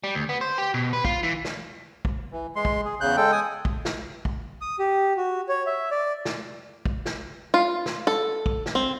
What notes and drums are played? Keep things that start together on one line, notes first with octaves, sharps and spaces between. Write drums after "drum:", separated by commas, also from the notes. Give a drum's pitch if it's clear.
G3
D2
B3
C5
G4
B2
B4
F4, drum: kick
E3
drum: snare
drum: kick
E3
G#3 C6
drum: kick
G#4
E2 C#3 F#6 G6
G#3 A4 G5
G#5 D#6
drum: kick
drum: snare
drum: kick
D#6
G4
F#4
C#5
E5
D5
drum: snare
drum: kick
drum: snare
F4
drum: snare
A4
drum: kick
drum: snare
C4